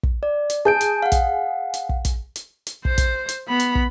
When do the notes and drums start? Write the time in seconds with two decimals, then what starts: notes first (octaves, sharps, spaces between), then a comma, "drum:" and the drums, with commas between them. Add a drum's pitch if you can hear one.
0.03 drum: kick
0.23 D5
0.50 drum: hi-hat
0.65 G#4 A5 G6 D7
0.81 drum: hi-hat
1.03 F5 F#5
1.12 drum: kick, hi-hat
1.74 drum: hi-hat
1.89 drum: kick
2.05 drum: kick, hi-hat
2.36 drum: hi-hat
2.67 drum: hi-hat
2.85 C5, drum: kick
2.98 drum: kick, hi-hat
3.29 drum: hi-hat
3.49 B3 B5
3.60 drum: hi-hat
3.75 drum: kick